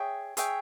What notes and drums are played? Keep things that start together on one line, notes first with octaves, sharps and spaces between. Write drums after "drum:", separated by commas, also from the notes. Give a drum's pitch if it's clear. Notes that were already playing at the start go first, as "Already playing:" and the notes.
Already playing: G#4 C#5 E5 G5
G#4 C#5 E5 G5, drum: hi-hat